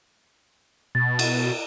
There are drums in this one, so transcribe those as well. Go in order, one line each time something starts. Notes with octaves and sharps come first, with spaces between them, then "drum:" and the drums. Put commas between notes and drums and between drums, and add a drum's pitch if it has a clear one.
B2 A6
drum: cymbal